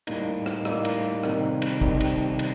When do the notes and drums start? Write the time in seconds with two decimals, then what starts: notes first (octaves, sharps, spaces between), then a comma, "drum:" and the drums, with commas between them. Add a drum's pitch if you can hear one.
0.07 A2 G3 A#3 D#4, drum: cymbal
0.46 drum: rim click
0.65 A2 G3 A#3 D#4, drum: rim click
0.85 drum: cymbal
1.23 C3 D#3 G3 C4 D#4, drum: rim click
1.62 drum: cymbal
1.81 C3 D#3 G3 C4 D#4, drum: kick
2.01 drum: cymbal
2.39 drum: cymbal